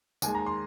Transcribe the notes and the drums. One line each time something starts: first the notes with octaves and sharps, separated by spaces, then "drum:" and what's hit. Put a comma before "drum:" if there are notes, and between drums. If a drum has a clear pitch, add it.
D#2 D#3 G#3 G#5, drum: tambourine
A#5
C6